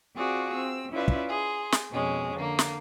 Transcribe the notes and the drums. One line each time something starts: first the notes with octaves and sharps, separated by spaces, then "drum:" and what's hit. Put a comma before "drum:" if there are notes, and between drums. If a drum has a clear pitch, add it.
C4 F4 F#4 G#4 D5
C4 E6
C#4 E4 F4 B4 D5 E5
drum: kick
G#4 C6
drum: snare
F2 B2 G#3 C#4
D3 A#3
drum: snare